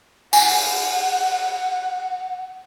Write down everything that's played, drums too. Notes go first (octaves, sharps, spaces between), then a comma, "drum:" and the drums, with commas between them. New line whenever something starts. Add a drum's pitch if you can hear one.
F#5 G#5, drum: tambourine
drum: open hi-hat